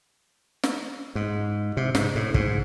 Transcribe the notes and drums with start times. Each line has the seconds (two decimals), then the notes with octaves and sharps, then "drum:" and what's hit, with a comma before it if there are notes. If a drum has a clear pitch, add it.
0.63 drum: snare
1.15 G#2
1.77 C3
1.95 G#2, drum: snare
2.15 A2
2.34 G#2, drum: kick